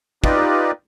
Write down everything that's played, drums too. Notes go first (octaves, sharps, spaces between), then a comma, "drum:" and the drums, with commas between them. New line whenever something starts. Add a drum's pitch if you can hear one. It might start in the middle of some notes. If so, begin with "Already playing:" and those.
D#4 F4 G4 B4 D5 D#5, drum: kick